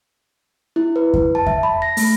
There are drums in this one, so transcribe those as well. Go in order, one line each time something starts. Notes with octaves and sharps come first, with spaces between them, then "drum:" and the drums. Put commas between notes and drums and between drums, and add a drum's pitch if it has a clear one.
E4
B4
drum: kick F2
A5
E5, drum: kick F2
B5
A#6
A3, drum: open hi-hat